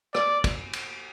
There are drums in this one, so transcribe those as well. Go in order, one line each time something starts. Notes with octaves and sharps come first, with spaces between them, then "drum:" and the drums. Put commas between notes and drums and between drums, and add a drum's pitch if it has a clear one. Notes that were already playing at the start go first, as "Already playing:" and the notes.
D5, drum: rim click
drum: kick, cymbal
drum: cymbal